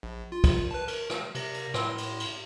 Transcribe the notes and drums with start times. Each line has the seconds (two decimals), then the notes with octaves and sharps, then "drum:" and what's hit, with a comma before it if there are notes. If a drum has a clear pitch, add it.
0.03 A#1
0.32 F4
0.44 drum: kick, cymbal
0.71 B4 A5
0.88 A#4, drum: cymbal
1.10 drum: rim click
1.35 C3 A#6, drum: cymbal
1.54 drum: cymbal
1.74 A2 C6, drum: rim click
1.98 drum: cymbal
2.20 drum: cymbal